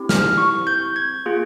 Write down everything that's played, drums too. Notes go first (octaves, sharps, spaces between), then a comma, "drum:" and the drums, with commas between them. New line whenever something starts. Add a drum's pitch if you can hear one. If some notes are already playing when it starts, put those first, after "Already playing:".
Already playing: C4 E4 G4
F6, drum: snare
C#6
G6
G#6
A#3 F4 G#4